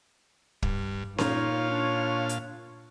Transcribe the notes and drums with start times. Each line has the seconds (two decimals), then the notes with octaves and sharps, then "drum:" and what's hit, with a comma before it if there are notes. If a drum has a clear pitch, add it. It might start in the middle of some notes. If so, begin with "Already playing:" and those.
0.62 G2, drum: kick
1.18 A#2 D#4 F4 C#5 F5, drum: snare C#4
1.71 D4
2.29 drum: hi-hat